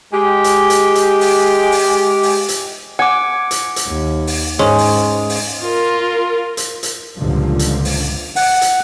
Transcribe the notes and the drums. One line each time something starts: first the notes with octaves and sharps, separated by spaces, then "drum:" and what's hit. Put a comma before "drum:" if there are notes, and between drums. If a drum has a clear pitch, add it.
G#3 G4
drum: hi-hat
drum: hi-hat
drum: hi-hat
drum: open hi-hat
drum: open hi-hat
drum: open hi-hat
drum: hi-hat
F#5 G#5 D6
drum: hi-hat
drum: hi-hat
D#2
drum: open hi-hat
G#2 G#3 C#4
drum: open hi-hat
drum: open hi-hat
F4 A#4
drum: hi-hat
drum: hi-hat
C#2 G2 A#2 D3 F3
drum: hi-hat
drum: open hi-hat
F#5, drum: open hi-hat
drum: hi-hat